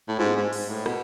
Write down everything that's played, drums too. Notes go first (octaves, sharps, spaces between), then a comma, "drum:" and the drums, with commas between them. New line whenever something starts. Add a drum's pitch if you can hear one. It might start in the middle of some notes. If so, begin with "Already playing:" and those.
A2
G#2, drum: tom
G#2
G#2, drum: open hi-hat
A2
B2, drum: rim click